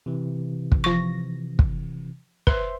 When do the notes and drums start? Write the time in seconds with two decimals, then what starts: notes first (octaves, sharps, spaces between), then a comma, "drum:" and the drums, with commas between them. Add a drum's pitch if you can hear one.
0.06 C3 E3
0.72 drum: kick
0.84 F3 C#6 A#6
1.59 drum: kick
2.47 B4 C5 E5 C6, drum: kick